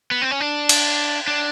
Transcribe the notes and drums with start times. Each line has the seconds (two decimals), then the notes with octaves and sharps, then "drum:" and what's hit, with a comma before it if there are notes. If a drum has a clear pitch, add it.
0.11 B3
0.22 C4
0.31 C#4
0.40 D4
0.69 drum: cymbal
1.27 D4